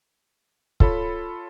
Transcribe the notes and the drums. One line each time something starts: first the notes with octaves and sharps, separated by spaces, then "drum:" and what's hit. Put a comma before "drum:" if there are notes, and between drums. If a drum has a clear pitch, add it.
F4 A4 C#5 B5, drum: kick